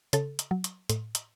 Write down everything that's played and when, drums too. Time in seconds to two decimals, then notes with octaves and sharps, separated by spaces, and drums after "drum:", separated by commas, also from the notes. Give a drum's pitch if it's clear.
0.13 C#3 A4, drum: hi-hat
0.39 drum: hi-hat
0.51 F#3
0.64 drum: hi-hat
0.89 A2, drum: hi-hat
1.15 drum: hi-hat